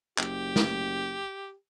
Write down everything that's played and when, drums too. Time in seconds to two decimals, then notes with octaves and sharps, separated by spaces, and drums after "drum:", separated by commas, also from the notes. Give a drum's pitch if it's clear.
0.19 F#1 G4, drum: clap
0.56 drum: snare